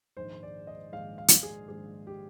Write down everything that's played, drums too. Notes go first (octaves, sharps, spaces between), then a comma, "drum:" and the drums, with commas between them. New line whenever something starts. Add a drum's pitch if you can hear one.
A#1 G#2 D#3 G#3 C5
D5
D#5
A#1 G#2 D#3 G#3 F5
F5
drum: hi-hat
G#4
A#1 G#2 D#3 G#3 G#4
G4